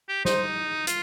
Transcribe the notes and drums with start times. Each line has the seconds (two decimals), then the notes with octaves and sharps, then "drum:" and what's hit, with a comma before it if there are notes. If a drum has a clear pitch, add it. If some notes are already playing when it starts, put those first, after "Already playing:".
0.09 G4
0.25 D#4 C5, drum: snare
0.87 F4, drum: hi-hat